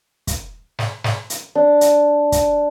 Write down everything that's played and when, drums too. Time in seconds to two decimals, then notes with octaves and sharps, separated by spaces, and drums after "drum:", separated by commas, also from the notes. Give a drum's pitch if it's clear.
0.27 drum: kick, hi-hat
0.79 drum: snare
1.04 drum: snare
1.30 drum: hi-hat
1.55 D4
1.81 drum: hi-hat
2.32 drum: kick, hi-hat